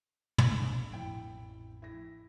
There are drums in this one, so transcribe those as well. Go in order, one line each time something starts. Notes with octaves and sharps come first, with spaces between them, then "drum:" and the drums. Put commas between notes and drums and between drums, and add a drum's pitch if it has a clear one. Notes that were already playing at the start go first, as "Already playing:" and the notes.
drum: tom
A#1 B2 D4
A1 F2 A2 E4 G5 D7
E4 A#6